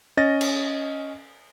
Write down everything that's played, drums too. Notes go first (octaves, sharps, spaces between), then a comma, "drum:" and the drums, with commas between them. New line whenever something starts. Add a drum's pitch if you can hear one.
C#4 D#5 A6 A#6
drum: cymbal